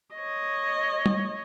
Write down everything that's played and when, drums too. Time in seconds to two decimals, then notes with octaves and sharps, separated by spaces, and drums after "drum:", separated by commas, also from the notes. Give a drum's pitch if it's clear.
0.15 C#5 D#5
1.06 drum: tom